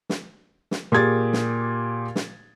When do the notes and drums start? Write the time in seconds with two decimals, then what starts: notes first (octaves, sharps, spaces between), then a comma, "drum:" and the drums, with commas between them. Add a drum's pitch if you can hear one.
0.10 drum: snare
0.71 drum: snare
0.92 A#2 G4 G#4 G#6 A6
1.33 drum: snare
2.16 drum: snare